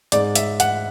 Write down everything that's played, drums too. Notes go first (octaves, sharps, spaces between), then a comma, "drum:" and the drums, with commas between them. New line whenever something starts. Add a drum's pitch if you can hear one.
G#2 G#3 D5, drum: hi-hat
E5, drum: hi-hat
F#5, drum: hi-hat